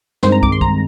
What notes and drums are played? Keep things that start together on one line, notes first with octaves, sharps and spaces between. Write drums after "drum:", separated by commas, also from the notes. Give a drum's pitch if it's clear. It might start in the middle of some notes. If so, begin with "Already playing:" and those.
G2 D#3 G#3 C4 C5, drum: snare
A#5
D6, drum: kick
C6
A#5, drum: kick